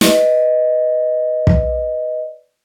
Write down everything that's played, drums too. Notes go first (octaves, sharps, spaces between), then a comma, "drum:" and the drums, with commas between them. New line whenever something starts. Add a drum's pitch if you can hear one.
B4 D5 D#5, drum: snare
drum: kick